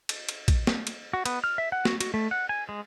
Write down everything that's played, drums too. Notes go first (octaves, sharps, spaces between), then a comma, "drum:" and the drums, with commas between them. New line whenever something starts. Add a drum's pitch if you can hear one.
drum: cymbal
drum: cymbal
drum: kick, cymbal
drum: snare
drum: cymbal
F#4
B3, drum: cymbal
F6
E5
F#5
F#4, drum: snare
F#4, drum: cymbal
A3
F#5
G#5
G#3